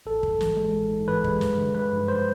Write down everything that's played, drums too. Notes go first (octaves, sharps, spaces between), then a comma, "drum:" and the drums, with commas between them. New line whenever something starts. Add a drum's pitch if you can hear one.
A1 A4
G#2, drum: kick
E3, drum: snare
G#3
A1
G#2
E3 B4
G#3, drum: kick
G2, drum: snare
D3
F3 B4
G2
G2 C5